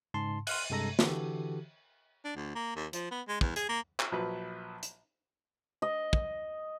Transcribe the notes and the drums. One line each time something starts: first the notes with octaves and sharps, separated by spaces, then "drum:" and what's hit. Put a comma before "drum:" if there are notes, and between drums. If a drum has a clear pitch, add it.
G#2 C#3 A5 C6
C6 F6 F#6, drum: cymbal
G2 C3 G#3 A4 A#5 A#6
D3 E3 F#4 G4 A4, drum: snare
D4
D2
A#3
D#2
F3, drum: hi-hat
B3
G#3
E2, drum: kick
G#4, drum: hi-hat
A#3
drum: clap
A#1 F3 F#3 B4
drum: hi-hat
D#5
drum: kick